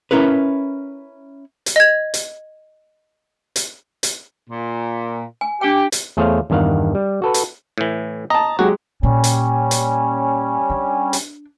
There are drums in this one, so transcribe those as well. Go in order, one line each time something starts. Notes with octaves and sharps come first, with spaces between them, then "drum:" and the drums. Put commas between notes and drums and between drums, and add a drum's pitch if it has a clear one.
C#4 E4 A#4 B4
drum: hi-hat
D#5 G#6
drum: hi-hat
drum: hi-hat
drum: hi-hat
A#2
G#5
D4 G4 G5
drum: hi-hat
E2 A3 G#4 C5 C#5 F5
E2 G2 D#3 F5 F#5
G3
F#4 A4 B4
drum: hi-hat
A2 E3
D#5 A5 A#5
F#3 G#3 F#4 G4
A#2 G3 C#4
drum: hi-hat
drum: hi-hat
D4
drum: hi-hat